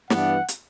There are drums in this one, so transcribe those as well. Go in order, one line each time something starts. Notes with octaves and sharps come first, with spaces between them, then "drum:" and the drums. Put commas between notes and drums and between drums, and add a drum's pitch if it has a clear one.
G2 E3 B3 D4 F#5, drum: snare
drum: hi-hat